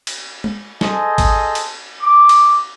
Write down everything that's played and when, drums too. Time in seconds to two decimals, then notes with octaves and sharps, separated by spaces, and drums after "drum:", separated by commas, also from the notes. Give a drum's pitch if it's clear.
0.07 drum: cymbal
0.44 drum: tom G#3
0.81 G#4 A4 C5 D#5 G#5, drum: snare
1.18 drum: kick G#1, cymbal
1.55 drum: cymbal
2.01 D6
2.29 drum: cymbal